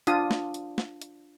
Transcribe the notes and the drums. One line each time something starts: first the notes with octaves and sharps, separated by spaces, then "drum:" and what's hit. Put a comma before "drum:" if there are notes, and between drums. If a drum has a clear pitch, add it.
D4 F4 D#6, drum: hi-hat
drum: snare
drum: hi-hat
drum: snare
drum: hi-hat